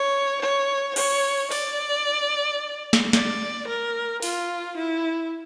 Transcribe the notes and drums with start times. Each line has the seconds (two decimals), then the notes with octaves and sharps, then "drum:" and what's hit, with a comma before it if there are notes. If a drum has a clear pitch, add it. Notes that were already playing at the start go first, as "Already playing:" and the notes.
Already playing: C#5
0.42 C#5
0.96 C#5, drum: cymbal
1.51 D5, drum: open hi-hat
2.93 drum: snare
3.13 D5, drum: snare
3.68 A#4
4.22 F4, drum: open hi-hat
4.77 E4